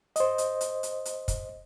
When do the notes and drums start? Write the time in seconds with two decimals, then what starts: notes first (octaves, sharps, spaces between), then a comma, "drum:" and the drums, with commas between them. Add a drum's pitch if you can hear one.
0.16 C5 D#5, drum: hi-hat
0.38 drum: hi-hat
0.61 drum: hi-hat
0.83 drum: hi-hat
1.05 drum: hi-hat
1.28 drum: kick, hi-hat